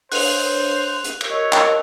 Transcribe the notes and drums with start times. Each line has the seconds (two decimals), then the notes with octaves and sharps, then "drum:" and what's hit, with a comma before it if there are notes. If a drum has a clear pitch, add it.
0.12 D4 C5 C#5 F#6 F7, drum: open hi-hat
1.04 drum: hi-hat
1.21 drum: cymbal
1.30 A#4 C#5 D#5 E6
1.53 drum: clap